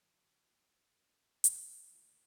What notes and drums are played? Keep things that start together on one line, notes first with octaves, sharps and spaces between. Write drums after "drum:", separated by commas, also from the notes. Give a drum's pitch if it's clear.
F#2 D3 F#3
B1 A2 F#3 B3 D#4
C2 B2 F#3 A#3 D4
G1 G2 E3, drum: hi-hat
D#2 D3 F3 A3